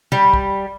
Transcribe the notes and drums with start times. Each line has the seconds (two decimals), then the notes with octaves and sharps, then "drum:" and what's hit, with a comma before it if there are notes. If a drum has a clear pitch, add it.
0.12 G3, drum: tom B2
0.34 drum: kick